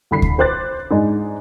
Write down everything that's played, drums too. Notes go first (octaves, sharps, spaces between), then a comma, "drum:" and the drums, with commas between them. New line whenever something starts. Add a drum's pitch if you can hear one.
C2 D3 B5 B6 C7
drum: kick D2
B4 C5 D6 F#6 A6
G#2 G#3 D4 D#4